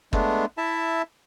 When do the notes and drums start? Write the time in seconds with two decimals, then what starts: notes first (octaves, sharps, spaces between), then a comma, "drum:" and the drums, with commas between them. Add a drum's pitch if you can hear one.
0.13 G#3 A3 B3 D4, drum: kick
0.58 E4 E5 A5